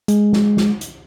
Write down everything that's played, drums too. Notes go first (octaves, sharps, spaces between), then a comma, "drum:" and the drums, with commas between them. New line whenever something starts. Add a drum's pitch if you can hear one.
G#3, drum: hi-hat
drum: snare
drum: snare
drum: hi-hat